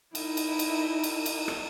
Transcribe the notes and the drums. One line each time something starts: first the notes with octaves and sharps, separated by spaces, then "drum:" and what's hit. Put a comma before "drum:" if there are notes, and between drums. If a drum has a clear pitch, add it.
D#4 E4, drum: cymbal
drum: cymbal
drum: cymbal
drum: cymbal
drum: cymbal
drum: rim click